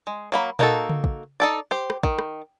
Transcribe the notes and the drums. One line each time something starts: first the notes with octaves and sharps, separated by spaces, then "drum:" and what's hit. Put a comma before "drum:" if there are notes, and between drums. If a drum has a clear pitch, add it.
G#3
F#3 A#3 B5
A#3 D4 D#4 F#4 A4, drum: tom A#2
drum: tom C#3
drum: kick
D#4 A4 D5
G4 C5
drum: rim click
D#3, drum: kick
drum: rim click